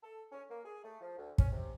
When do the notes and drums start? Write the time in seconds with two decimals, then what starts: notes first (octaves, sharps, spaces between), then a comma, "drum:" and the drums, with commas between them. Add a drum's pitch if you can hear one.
0.03 A4
0.32 C#4
0.50 A#3
0.65 G#4
0.84 A3
1.01 F3
1.18 D2
1.38 C#4, drum: kick
1.52 C3